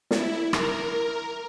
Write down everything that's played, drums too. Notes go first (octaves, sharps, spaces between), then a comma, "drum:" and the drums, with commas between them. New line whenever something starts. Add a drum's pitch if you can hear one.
E4, drum: snare
A#4, drum: rim click